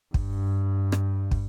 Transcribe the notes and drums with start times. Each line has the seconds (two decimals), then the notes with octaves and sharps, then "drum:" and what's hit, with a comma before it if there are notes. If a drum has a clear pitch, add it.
0.14 G2, drum: kick
0.92 drum: rim click
1.31 drum: kick